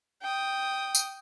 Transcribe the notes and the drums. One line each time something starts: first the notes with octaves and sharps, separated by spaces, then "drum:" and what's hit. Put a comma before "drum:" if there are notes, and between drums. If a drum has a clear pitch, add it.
G5 D#6
drum: tambourine